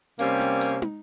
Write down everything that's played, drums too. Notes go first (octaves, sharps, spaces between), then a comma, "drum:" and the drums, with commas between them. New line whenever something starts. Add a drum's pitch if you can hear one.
C3 G3 A#3 C4 C#4, drum: hi-hat
drum: snare
drum: hi-hat
drum: tom